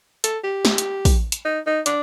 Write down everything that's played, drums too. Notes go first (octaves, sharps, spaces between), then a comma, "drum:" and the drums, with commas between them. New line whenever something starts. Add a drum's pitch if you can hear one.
A4, drum: hi-hat
G4
drum: snare
drum: hi-hat
drum: kick, open hi-hat
drum: hi-hat
D#4
D#4
D4, drum: hi-hat